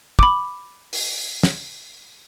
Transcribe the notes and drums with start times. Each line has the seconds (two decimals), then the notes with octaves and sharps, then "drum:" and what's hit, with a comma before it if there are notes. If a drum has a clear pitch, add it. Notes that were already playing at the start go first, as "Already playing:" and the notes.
0.19 B5 D6, drum: kick
0.93 drum: open hi-hat
1.43 drum: snare